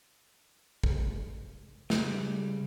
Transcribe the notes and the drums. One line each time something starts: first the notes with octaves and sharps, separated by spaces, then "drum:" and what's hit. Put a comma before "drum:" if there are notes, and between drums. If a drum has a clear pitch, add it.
drum: kick
C#3 G3, drum: snare